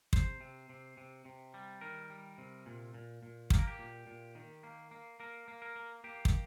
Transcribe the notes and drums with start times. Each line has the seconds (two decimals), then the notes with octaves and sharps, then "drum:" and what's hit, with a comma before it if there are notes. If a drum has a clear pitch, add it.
0.13 C3 C5, drum: kick
0.41 C3
0.69 C3
0.97 C3
1.25 C3
1.54 G3
1.81 D#3 A#4
2.10 G3
2.38 C3
2.66 A#2
2.94 A#2
3.23 A#2
3.50 A#3 G4, drum: kick
3.59 A#4
3.67 G4
3.79 A#2
4.07 A#2
4.35 D#3
4.63 A#3
4.91 A#3
5.20 A#3 A#4
5.48 A#3
5.62 A#4
5.76 A#3
6.04 A#3 G4
6.25 drum: kick